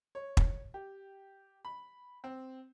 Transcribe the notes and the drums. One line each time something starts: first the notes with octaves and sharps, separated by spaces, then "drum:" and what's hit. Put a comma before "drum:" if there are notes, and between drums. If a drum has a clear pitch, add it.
C#5
drum: kick
G4
B5
C4